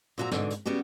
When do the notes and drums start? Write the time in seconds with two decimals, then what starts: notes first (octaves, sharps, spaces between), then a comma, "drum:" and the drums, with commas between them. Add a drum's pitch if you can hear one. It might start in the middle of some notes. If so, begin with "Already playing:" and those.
0.18 A#2 C4 F#4 E5 A5 A#5
0.31 G#2 B2 D3 E3, drum: snare
0.50 drum: hi-hat
0.66 C#3 G3 B3 F#4 G4